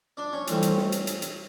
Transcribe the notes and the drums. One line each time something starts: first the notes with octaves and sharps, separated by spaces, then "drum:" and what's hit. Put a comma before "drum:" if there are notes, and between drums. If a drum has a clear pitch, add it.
D4 D5
C#4 C#5
G2 E3 A3 C4, drum: hi-hat
drum: hi-hat
drum: snare
drum: hi-hat
drum: hi-hat
drum: hi-hat